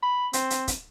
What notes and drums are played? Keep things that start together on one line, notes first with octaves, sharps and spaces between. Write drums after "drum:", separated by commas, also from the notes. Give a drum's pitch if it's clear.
B5
C4, drum: hi-hat
drum: hi-hat
drum: kick, hi-hat